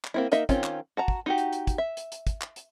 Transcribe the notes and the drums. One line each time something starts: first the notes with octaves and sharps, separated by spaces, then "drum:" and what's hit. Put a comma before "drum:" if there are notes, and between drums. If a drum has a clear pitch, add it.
drum: clap
A#3 C4 E4
A#3 D#4 D#5 E5, drum: hi-hat
D#3 C4 C#4 F4, drum: kick, hi-hat
drum: clap
F#4 A5 A#5
drum: kick
D#4 F#4 G4
drum: hi-hat
drum: hi-hat
drum: kick, hi-hat
E5
drum: hi-hat
drum: hi-hat
drum: kick, hi-hat
drum: clap
drum: hi-hat